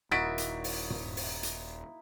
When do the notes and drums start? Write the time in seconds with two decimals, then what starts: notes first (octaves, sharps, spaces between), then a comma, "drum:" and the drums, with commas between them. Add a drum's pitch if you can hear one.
0.11 D#1 A#3 D#4 E4 F#4 A6 B6 D7
0.38 drum: hi-hat
0.64 drum: open hi-hat
0.90 drum: tom
1.17 drum: open hi-hat
1.43 drum: hi-hat